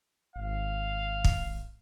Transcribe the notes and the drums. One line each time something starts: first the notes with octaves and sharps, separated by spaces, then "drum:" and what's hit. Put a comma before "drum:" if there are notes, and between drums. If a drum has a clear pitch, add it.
G#1 F5
drum: kick